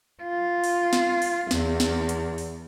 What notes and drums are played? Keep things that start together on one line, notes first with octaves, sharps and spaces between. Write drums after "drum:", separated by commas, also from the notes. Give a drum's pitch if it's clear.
F4
drum: open hi-hat
drum: snare
drum: open hi-hat
E2, drum: snare
drum: snare
drum: hi-hat
drum: open hi-hat